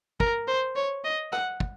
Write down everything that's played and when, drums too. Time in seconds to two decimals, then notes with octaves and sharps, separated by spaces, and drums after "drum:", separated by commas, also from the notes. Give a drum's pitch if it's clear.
0.20 A#4, drum: kick
0.48 C5
0.76 C#5
1.05 D#5
1.32 F#5, drum: rim click
1.60 drum: kick